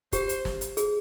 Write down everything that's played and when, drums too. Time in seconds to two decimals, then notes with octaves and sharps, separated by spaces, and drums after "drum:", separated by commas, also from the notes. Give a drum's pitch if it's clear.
0.12 G4 C5, drum: kick, hi-hat
0.29 drum: hi-hat
0.45 drum: snare
0.61 drum: hi-hat
0.77 G#4, drum: hi-hat